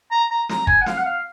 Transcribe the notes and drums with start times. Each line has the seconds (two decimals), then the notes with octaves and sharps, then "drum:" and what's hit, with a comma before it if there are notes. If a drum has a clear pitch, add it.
0.11 A#5
0.31 A#5
0.49 A#5, drum: snare
0.67 G#5, drum: kick
0.81 F#5
0.86 F5, drum: snare
0.97 F#5
1.05 F5